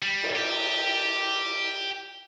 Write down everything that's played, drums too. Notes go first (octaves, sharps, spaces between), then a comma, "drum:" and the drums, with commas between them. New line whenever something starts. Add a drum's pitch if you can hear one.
G3
drum: cymbal
G4